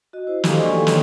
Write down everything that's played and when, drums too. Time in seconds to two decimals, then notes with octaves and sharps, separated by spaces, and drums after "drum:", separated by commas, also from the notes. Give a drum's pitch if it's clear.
0.13 F#4 D#5
0.27 E4 F#4 C5
0.44 D4 G4 A4 D#5 F5 C6, drum: snare
0.60 A3 A#3 D5 G#5 C#6
0.73 D#4 A4 B4 D#5 G5 C6
0.87 F#3 A#3 C#4 D#4 C#5 F5, drum: snare